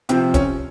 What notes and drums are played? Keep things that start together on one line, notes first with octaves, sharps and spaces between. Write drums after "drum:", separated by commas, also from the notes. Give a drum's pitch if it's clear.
C3 F3 C4, drum: hi-hat
C#4, drum: kick, hi-hat